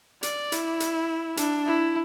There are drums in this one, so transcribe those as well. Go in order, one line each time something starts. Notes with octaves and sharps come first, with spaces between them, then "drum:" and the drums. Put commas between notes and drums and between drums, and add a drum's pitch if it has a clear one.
D5, drum: hi-hat
E4, drum: hi-hat
drum: hi-hat
D4, drum: hi-hat
E4